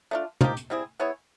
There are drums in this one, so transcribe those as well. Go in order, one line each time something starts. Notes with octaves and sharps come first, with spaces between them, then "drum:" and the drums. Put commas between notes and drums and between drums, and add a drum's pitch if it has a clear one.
A3 D4 F4
F3 A#3 D#4 G4, drum: tom
drum: hi-hat
G3 C4 E4 G#4
B3 E4 G#4 C#5